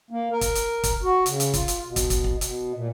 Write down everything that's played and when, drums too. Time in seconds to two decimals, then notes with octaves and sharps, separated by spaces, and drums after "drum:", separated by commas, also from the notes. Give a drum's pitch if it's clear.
0.11 A#3
0.32 A#4
0.41 drum: kick, hi-hat
0.55 drum: hi-hat
0.84 drum: kick, hi-hat
1.03 F#4
1.26 C#3, drum: hi-hat
1.40 drum: hi-hat
1.54 F4, drum: kick, hi-hat
1.68 drum: hi-hat
1.87 B2
1.96 drum: kick, hi-hat
2.10 drum: kick, hi-hat
2.24 drum: kick
2.41 B2, drum: hi-hat
2.74 A#2